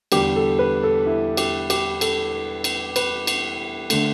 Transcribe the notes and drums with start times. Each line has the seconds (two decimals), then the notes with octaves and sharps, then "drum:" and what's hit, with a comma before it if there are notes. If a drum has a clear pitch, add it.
0.12 E2 D3 G3 G4, drum: cymbal
0.36 A4
0.59 B4
0.83 A4
1.07 E4
1.37 G4, drum: cymbal
1.70 G4, drum: cymbal
2.01 A4, drum: cymbal
2.64 drum: cymbal
2.96 B4, drum: cymbal
3.27 drum: cymbal
3.90 D3 A3, drum: cymbal